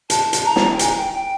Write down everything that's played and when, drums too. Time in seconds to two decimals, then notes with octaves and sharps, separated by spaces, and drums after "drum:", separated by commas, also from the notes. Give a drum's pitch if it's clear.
0.10 A5, drum: hi-hat
0.33 drum: hi-hat
0.45 A#5
0.56 drum: snare
0.74 G5
0.79 G#5, drum: hi-hat
0.97 G5
1.14 G5